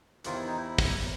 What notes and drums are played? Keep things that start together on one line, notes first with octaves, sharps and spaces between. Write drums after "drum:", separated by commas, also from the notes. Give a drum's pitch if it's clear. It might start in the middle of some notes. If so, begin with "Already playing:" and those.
E2 C3 D#3 F4, drum: hi-hat
E4
D#4
E4
drum: kick, open hi-hat